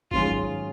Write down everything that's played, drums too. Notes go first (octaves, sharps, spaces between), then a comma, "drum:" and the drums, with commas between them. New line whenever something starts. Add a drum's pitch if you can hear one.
G#2 D#3 F#3 C#4 F4 G#4, drum: kick G#1